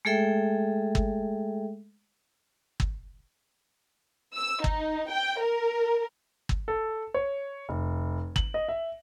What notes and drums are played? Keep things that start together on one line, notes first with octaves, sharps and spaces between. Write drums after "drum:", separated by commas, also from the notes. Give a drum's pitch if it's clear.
G#3 A3 G#4 A4 E5 G5
drum: kick G1
drum: kick G1
E6
D#4, drum: kick G1
G5
A#4
drum: kick G1
A4
C#5
F1
F#7, drum: kick G1
D#5
E5